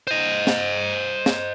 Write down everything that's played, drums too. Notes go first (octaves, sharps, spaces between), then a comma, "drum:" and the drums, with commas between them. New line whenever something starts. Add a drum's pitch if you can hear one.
C5 D#5
drum: snare
drum: snare